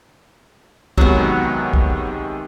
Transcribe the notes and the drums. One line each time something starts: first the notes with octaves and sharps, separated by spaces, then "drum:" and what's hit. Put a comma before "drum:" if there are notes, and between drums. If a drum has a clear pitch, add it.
C3 D#3 F#3 G#3 B3, drum: kick
drum: kick